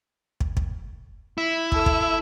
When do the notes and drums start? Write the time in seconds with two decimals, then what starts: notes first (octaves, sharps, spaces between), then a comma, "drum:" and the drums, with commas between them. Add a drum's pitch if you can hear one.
0.40 drum: kick
0.57 drum: kick
1.38 E4
1.72 A4 E6, drum: kick
1.86 drum: kick